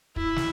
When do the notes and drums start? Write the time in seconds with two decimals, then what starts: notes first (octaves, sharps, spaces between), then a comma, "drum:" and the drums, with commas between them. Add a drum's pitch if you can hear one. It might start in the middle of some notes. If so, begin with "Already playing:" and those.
0.16 E4, drum: kick
0.36 drum: snare